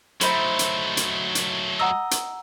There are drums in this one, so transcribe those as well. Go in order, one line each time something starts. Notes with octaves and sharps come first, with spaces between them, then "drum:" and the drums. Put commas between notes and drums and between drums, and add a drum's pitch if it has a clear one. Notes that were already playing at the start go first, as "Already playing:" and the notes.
F#3 A3 D#4 E4 C5, drum: hi-hat
drum: hi-hat
drum: hi-hat
drum: hi-hat
D#5 F#5 A#5 E6
drum: hi-hat